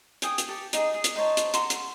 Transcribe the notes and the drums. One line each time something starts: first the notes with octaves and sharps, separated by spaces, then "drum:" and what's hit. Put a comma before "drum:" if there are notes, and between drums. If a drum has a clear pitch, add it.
G5 G#5 D#6, drum: hi-hat
drum: hi-hat
G4 A4
D#4 G4 G#4, drum: hi-hat
G#4
drum: hi-hat
D#4 C5 C#5 A5
drum: hi-hat
F#5 A#5 C6, drum: hi-hat
drum: hi-hat